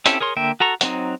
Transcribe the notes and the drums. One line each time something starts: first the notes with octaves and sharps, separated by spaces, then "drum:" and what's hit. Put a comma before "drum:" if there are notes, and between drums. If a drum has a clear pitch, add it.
C4 C#4 E4 G4 A4, drum: hi-hat
G#4 A#4 C#5 C6
D3 A#3 E5 G5
F#4 A4 A#5 C#6
F#3 C4 D#4, drum: hi-hat